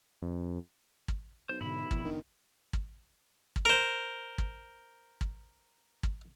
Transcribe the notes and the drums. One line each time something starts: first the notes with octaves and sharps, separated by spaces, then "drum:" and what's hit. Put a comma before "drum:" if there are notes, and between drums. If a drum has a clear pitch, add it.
F2
drum: kick
B1 C5
G#2 B2 D3 E4 B5
E2 B2 F3, drum: kick
F#1 D#3 B3 D4
drum: kick
drum: kick
A#4 C5
drum: kick
drum: kick
drum: kick